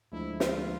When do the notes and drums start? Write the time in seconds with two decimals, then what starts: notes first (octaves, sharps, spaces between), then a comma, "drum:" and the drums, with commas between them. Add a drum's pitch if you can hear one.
0.12 D2 D3 F3 G#3 D4 E4
0.40 F4, drum: snare